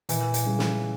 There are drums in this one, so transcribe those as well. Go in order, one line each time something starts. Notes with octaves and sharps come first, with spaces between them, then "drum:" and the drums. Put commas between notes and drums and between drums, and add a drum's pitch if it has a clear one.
A#2 E3, drum: hi-hat
drum: hi-hat
C#3 G3
drum: snare